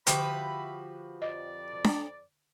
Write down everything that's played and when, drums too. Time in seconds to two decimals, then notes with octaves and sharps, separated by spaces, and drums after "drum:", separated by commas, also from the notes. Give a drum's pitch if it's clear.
0.07 D3 F3 F#4 G4 B4 E5 B5, drum: hi-hat
1.22 F2 D5 D#5
1.84 drum: snare D4